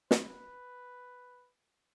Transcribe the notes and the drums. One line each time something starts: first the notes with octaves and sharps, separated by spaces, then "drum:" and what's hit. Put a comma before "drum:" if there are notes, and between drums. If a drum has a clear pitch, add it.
B4, drum: snare